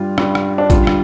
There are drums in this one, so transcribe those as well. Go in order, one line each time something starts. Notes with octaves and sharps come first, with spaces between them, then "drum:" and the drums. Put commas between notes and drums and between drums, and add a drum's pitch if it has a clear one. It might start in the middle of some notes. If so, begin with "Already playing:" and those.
Already playing: G2 G3 F4
G2 G3, drum: rim click
drum: rim click
D4
G2 D3 G3 F4, drum: kick A1, hi-hat
drum: rim click